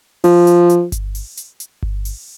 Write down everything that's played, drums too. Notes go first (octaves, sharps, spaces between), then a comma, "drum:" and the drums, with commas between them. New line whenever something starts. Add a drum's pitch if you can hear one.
F3, drum: open hi-hat
drum: hi-hat
drum: hi-hat
drum: kick G1, hi-hat
drum: open hi-hat
drum: hi-hat
drum: hi-hat
drum: kick G1
drum: open hi-hat